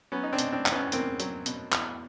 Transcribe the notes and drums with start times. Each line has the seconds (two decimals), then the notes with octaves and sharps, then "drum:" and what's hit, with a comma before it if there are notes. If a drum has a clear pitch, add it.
0.12 F#3 B3 C#4
0.23 D#4
0.32 C4 D4
0.38 B2, drum: hi-hat
0.52 C4 D4
0.66 E2, drum: clap
0.72 B3 C#4
0.92 E2 A#3 C4, drum: hi-hat
1.20 F#3, drum: hi-hat
1.46 B2, drum: hi-hat
1.72 E2, drum: clap